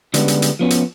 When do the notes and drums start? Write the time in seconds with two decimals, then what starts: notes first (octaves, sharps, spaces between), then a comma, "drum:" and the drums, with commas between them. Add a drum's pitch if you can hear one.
0.14 D3 G3 G#3 B3 C#4, drum: hi-hat
0.28 drum: hi-hat
0.42 drum: hi-hat
0.59 F3 B3 C#4 F#4
0.70 drum: hi-hat